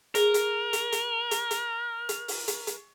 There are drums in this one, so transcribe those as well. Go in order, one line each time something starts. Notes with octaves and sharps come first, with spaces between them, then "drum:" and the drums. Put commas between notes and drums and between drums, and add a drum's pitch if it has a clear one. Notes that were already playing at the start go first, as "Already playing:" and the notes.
G#4 A#4, drum: hi-hat
drum: hi-hat
drum: hi-hat
drum: hi-hat
drum: hi-hat
drum: hi-hat
drum: hi-hat
drum: open hi-hat
drum: hi-hat
drum: hi-hat